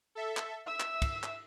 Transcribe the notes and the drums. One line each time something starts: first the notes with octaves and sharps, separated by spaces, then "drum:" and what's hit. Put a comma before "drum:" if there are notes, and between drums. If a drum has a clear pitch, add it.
A4 E5
drum: clap
E5 E6
drum: clap
drum: kick, cymbal
drum: clap